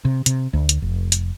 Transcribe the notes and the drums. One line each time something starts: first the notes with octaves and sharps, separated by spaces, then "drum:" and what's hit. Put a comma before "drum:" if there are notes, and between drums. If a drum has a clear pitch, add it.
C3
C3, drum: hi-hat
D2
drum: hi-hat
F1
drum: hi-hat